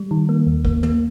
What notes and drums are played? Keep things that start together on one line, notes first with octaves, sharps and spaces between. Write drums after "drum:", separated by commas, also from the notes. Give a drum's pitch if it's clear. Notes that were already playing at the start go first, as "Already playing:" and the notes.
Already playing: G3
D#3
A#3
D#2
A#3, drum: kick
A#3, drum: tom